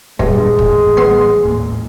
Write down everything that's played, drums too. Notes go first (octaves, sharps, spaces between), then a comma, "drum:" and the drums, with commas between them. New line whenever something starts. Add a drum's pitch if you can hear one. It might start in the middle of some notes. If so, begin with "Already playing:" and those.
G2 A#2 G#3 D4, drum: kick
A1, drum: kick
B3 C6
D#2 A2 A#3